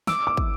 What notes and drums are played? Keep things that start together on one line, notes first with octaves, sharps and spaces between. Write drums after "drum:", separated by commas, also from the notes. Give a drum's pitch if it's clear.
D6 E6, drum: snare
D6
drum: kick